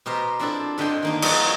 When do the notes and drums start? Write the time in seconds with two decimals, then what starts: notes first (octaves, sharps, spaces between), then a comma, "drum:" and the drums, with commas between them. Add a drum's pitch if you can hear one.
0.06 B2 G4 A#4 C5
0.39 F3 C4 D4 E4 A4
0.78 G2 D3 D#5 G5 C6
1.02 D#3 A#3 D#4
1.22 F3 G3 C4 F#4 D#5, drum: cymbal